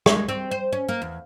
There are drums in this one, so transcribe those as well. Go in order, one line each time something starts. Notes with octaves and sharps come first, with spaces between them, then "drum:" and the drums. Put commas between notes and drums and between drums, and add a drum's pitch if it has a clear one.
G#3, drum: rim click
C4
C5
C#4
A#3
E2